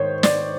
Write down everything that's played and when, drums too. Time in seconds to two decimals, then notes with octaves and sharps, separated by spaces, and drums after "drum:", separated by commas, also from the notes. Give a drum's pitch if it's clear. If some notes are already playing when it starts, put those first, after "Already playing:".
Already playing: G#2 D#3 C5 C#5
0.23 D5, drum: snare